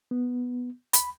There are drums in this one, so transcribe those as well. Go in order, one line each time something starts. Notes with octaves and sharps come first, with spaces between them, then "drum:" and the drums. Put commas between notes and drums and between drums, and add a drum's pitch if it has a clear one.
B3
B5, drum: hi-hat